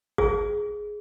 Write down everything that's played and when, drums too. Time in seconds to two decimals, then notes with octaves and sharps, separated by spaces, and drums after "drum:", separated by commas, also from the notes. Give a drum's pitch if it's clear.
0.18 G#4, drum: kick G#1